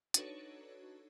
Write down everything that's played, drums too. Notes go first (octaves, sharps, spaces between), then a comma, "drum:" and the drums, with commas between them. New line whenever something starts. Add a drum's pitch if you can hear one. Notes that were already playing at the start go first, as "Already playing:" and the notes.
D4 D#4 F#4 A4 B4 C#5, drum: hi-hat